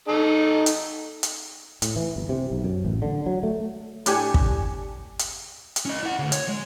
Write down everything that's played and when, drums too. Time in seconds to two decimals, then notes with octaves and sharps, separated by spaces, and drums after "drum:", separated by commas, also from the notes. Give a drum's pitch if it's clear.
0.08 D#4 A4
0.66 drum: hi-hat
1.23 drum: hi-hat
1.82 A2, drum: hi-hat
1.96 E3
2.16 G1
2.29 C3
2.51 B1
2.64 F#2
2.85 A1
3.02 D3
3.26 F#3
3.43 A3
4.06 A2 D4 G4 G#5 C#7 E7, drum: hi-hat
4.34 drum: kick
5.19 drum: hi-hat
5.76 drum: hi-hat
5.85 C#4 D#5
6.03 E4 F#5
6.19 D2 C#3
6.32 C#5, drum: hi-hat
6.48 G#3